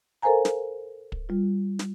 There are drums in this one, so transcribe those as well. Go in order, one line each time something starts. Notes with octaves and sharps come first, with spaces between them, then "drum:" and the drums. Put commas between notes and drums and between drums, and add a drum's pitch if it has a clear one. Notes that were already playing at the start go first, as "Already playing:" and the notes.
A4 A#4 C5 F5 G#5 A#5
drum: snare
drum: kick
G3 F4
drum: snare